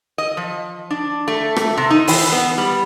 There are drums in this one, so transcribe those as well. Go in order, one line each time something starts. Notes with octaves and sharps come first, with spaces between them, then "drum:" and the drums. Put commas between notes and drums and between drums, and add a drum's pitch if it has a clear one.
D#5
F3
D4
A3
A3, drum: rim click
C3
D#4
E3, drum: open hi-hat
B3
G3